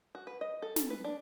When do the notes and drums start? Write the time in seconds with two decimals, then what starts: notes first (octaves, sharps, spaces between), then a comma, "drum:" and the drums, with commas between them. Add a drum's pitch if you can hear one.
0.15 F#4
0.27 B4
0.41 D#5
0.62 A4
0.76 A4, drum: snare
0.90 B4
1.04 D4